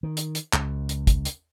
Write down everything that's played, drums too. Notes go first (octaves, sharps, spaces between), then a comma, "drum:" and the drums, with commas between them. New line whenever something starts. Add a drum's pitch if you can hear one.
D#3
drum: hi-hat
drum: hi-hat
C#2, drum: clap
drum: hi-hat
drum: kick, hi-hat
drum: hi-hat